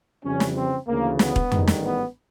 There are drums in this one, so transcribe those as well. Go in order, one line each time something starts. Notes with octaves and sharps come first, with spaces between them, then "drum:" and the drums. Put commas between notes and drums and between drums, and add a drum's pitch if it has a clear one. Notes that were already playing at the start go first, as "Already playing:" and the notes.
F2 C#3 E3 G3 C#4
drum: snare
C4
D2 C#3 E3 A#3
B3, drum: snare
drum: kick E1
A1 G#2 D#3 G3, drum: tom F2
drum: snare
B3